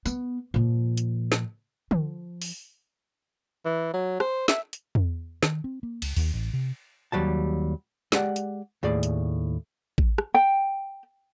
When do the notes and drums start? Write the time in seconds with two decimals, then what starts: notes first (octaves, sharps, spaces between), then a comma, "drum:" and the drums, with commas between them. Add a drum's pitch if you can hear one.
0.05 B3, drum: tambourine
0.54 A#2 F3
0.97 drum: hi-hat
1.32 drum: snare
1.91 F3, drum: tom
2.42 drum: open hi-hat
3.65 E3
3.94 F#3
4.20 C5, drum: rim click
4.48 E5, drum: snare
4.73 drum: hi-hat
4.95 drum: tom
5.43 D#3, drum: snare
5.64 C4
5.83 A#3
6.02 C#2, drum: cymbal
6.16 D#2, drum: open hi-hat
6.34 A1
6.53 C3
7.12 D#2 F#3 G3 A5
8.12 G#3 G4 D5 F#5, drum: snare
8.36 drum: hi-hat
8.83 D#2 A2 G#4 D5
9.03 drum: hi-hat
9.98 drum: kick A1
10.18 drum: rim click
10.34 G5